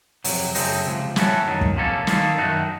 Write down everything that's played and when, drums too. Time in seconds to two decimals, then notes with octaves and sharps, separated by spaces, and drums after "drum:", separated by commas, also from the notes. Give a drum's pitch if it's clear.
0.24 F2 C3 F#3, drum: open hi-hat
0.55 F#2 C#3 A3 C4 D#4, drum: open hi-hat
0.86 C#2 C3 F3
1.16 A2 A3 C#4 F#4 A4, drum: snare
1.46 F#2 D#3 F#3
1.61 drum: kick
1.76 C3 F3 A#3 C#4 A4
2.07 D#3 A#3 F4 A4, drum: snare
2.37 F#2 D#3 A3 D#4 F#4